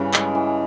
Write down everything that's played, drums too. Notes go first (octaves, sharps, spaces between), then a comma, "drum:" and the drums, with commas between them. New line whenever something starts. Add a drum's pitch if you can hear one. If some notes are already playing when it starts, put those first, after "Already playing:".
Already playing: G2 C#3 E3 G3
G#3, drum: clap
E3